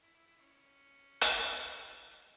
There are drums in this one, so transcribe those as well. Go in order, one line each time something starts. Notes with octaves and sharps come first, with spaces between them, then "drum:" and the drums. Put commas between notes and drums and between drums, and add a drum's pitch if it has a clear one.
E4
E4
E4
C#4
drum: hi-hat
F#3
E3
F#3
E3
B2